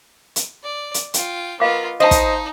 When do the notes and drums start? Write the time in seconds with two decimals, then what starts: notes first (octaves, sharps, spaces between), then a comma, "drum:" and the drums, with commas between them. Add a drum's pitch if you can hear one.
0.36 drum: hi-hat
0.63 D5
0.94 drum: hi-hat
1.14 F4 G5, drum: hi-hat
1.60 B3 F4 A#4 D#5 F5 D6
2.00 D#4 C5 D#5 F5 A5
2.11 drum: kick, hi-hat